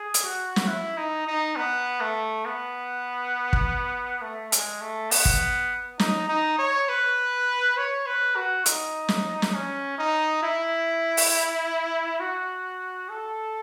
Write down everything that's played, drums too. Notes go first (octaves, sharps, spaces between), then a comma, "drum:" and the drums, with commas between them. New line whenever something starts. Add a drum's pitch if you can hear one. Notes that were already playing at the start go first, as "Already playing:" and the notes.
Already playing: G#4
drum: hi-hat
F#4
drum: snare
E4
D#4
D#4
B3
A3
B3
drum: kick
A3
G#3, drum: hi-hat
A3
B3, drum: open hi-hat
drum: kick
D#4, drum: snare
D#4
C#5
B4
C#5
B4
F#4
D#4, drum: hi-hat
drum: snare
drum: snare
C#4
D#4
E4
drum: open hi-hat
F#4
A4